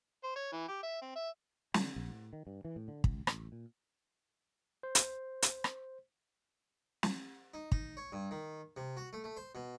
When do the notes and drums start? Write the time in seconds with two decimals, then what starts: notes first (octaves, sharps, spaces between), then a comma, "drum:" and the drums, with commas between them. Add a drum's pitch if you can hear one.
0.24 C5
0.36 C#5
0.53 E3
0.68 G4
0.83 E5
1.02 C4
1.16 E5
1.74 D3, drum: snare
1.96 A#1
2.10 A2
2.33 D#3
2.47 G2
2.65 E3
2.76 A2
2.88 D3
3.04 C#2, drum: kick
3.27 A1, drum: rim click
3.52 A#2
4.83 C5
4.95 drum: hi-hat
5.42 drum: hi-hat
5.64 drum: rim click
7.03 drum: snare
7.54 D#4
7.72 D#4, drum: kick
7.97 C#5
8.12 G2
8.31 D#3
8.77 C3
8.97 F#4
9.13 A3
9.24 A3
9.37 C5
9.55 B2